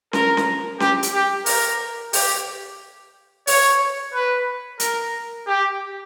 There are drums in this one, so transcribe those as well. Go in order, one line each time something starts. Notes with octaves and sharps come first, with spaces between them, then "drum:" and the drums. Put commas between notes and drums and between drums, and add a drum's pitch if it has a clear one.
A#4, drum: snare C#4
drum: snare C#4
G4, drum: snare C#4
drum: hi-hat
G4
A#4, drum: open hi-hat
G4, drum: open hi-hat
C#5, drum: open hi-hat
B4
A#4, drum: hi-hat
G4